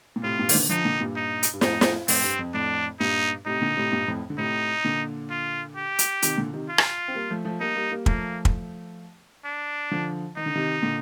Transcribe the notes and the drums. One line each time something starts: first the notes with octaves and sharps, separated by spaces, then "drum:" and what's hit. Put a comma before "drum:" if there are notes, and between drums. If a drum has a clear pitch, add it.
A#2
A2 C3 F4
G2 A#2
D#3, drum: open hi-hat
A#2 D3
D3 F3 D#4
A#2 D3
G2 A#2
D#4
drum: hi-hat
G2
F2 A2 D#4, drum: snare
drum: snare
F2 A2 C4, drum: open hi-hat
G2
F2
F2 A2 D4
G2 A#2 D#4
A2 C3 D#4
A#2 D3
A2 C3
G2 A#2
F2 A2
D3
A2 C3 D#4
A#2 D3
F4
G4
drum: hi-hat
C3 D#3, drum: hi-hat
A#2 D3
C3 D#3
F4
drum: rim click
C4
G3 A#3
F3 A3
F3 A3
G3 A#3 D#4
G3 A#3
G3 A#3
F3 A3 A#3, drum: kick
drum: kick
D4
D3 F3
D#3 D#4
D3
C3 D#3
A#2 D3